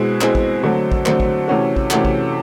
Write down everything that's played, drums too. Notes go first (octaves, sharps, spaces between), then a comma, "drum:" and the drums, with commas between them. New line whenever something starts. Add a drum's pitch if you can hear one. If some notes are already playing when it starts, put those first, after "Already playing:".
Already playing: B2 G#3 C4 E4 G#4
B2 G#3 C4 E4 G#4, drum: clap
drum: kick
D3 F#3 A3 C4
drum: kick
D3 F#3 A3 C4, drum: clap
drum: kick
C3 E3 A3 C#4 F#4
drum: kick
C3 E3 A3 C#4 F#4, drum: clap
drum: kick